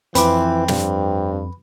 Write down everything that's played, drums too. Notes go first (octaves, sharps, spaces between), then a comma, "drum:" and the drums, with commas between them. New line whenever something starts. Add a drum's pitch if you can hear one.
F2 E3 C4 B4 D6, drum: hi-hat
G2, drum: snare